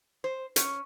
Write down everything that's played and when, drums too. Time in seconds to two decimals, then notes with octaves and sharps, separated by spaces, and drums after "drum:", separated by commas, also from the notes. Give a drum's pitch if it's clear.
0.24 C5
0.56 C#4, drum: hi-hat